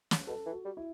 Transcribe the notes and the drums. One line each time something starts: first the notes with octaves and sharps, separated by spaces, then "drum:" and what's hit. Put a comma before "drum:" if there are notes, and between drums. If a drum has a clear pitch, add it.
drum: snare
B2 A4
E3
F#4
G3
E4